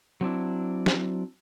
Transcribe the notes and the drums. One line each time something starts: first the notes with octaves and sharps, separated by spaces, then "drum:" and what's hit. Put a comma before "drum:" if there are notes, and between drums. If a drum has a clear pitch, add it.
F#3 C4 D4 E4
drum: snare